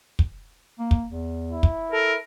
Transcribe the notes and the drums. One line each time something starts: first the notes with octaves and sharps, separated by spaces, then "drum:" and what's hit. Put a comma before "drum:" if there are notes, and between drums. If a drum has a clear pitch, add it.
drum: kick
A#3
drum: kick
E2
E4
drum: kick
A4 A#4